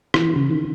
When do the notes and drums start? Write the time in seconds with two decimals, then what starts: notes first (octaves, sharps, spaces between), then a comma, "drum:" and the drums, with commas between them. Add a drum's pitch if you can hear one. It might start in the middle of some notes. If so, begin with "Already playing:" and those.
0.14 E3, drum: rim click
0.36 C#3
0.51 D#3